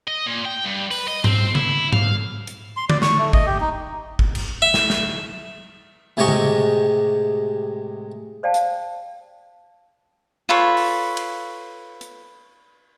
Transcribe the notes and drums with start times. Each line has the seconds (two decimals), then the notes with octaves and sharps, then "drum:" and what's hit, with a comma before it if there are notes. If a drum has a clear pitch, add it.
0.08 D#5
0.27 A#2
0.46 G5
0.65 G2
0.91 B4, drum: open hi-hat
1.08 D#5
1.24 C4, drum: tom G#2
1.55 E4, drum: tom C#3
1.93 F5, drum: tom G#2
2.47 drum: hi-hat
2.77 C6
2.90 D5, drum: tom
3.02 C#6, drum: snare
3.18 A3
3.33 D#5, drum: kick
3.46 G4
3.61 D#4
4.19 drum: kick
4.35 drum: cymbal
4.62 E5
4.74 drum: snare
4.90 drum: snare
6.17 A2 C3 G#3 G4 D#5 C#6
6.28 drum: tom C#3
8.43 C5 D5 F5 G5 A5
8.54 drum: hi-hat
10.49 F4 A4 B4 C#5
10.77 drum: open hi-hat
11.17 drum: cymbal
12.01 drum: hi-hat